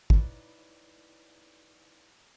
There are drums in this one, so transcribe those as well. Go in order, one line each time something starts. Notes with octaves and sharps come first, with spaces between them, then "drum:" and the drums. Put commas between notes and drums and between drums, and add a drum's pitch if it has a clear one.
D#4 E4 B4 C#5 D5, drum: kick